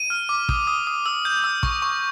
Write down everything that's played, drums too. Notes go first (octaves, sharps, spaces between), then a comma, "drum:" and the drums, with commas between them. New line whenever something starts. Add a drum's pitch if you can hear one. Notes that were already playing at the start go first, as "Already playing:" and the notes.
Already playing: D#7
F6
D6
D#6, drum: kick
D#6
D#6
E6
G6
E6
C#6, drum: kick
C#6